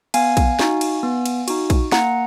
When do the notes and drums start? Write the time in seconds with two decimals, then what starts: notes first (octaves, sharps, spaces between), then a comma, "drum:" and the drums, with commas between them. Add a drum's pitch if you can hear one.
0.14 B3 F5 G#5, drum: cymbal
0.37 drum: kick A#1, cymbal
0.59 D#4 F#4, drum: snare
0.81 drum: cymbal
1.03 B3
1.26 drum: cymbal
1.48 D#4 F#4, drum: cymbal
1.70 drum: kick A#1, cymbal
1.92 A#3 F#5 A#5, drum: snare